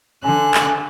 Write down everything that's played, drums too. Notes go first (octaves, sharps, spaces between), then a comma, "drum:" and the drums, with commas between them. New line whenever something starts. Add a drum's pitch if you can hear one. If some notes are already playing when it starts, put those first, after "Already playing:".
D3 G#5 F#6
drum: clap